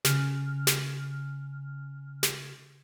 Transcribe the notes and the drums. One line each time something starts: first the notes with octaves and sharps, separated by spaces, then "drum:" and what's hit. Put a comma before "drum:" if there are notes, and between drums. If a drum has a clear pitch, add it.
C#3 F6, drum: snare
drum: snare
drum: snare